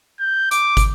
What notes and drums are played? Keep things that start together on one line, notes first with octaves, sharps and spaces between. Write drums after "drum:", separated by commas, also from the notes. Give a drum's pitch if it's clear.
G6
D6, drum: hi-hat
drum: kick, hi-hat